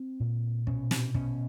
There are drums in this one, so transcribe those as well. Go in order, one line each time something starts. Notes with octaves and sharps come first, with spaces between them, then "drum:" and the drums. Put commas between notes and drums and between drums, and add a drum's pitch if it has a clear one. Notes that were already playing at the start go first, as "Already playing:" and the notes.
Already playing: C4
A#2
B2 C#4, drum: kick
drum: snare
B2 C#4, drum: kick